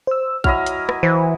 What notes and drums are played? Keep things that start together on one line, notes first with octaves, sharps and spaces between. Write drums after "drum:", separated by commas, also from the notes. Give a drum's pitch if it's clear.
C5 E6
F#3 E4 D#5 F6, drum: kick A#1
drum: hi-hat
drum: rim click
E3 C5